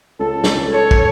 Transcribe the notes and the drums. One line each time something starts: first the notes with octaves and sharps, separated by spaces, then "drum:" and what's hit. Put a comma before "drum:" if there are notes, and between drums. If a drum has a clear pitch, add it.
C#2 A4
drum: snare
A4 C#5
drum: kick